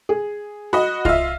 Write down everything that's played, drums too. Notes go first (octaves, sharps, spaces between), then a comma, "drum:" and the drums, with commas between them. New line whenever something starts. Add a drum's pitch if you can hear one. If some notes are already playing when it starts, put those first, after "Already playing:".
G#4
F#4 D#5 B5
F4 D#5 E5 F6, drum: kick C2